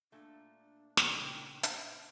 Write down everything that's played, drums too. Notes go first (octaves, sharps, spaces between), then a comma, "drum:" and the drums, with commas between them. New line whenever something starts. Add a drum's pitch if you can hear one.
A#2 A3 D4
A#2 C#3 B3 F#4 G5, drum: snare
drum: hi-hat